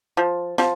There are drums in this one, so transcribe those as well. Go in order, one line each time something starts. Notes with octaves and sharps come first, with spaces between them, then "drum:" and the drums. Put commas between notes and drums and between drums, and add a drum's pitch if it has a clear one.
F3
F3, drum: snare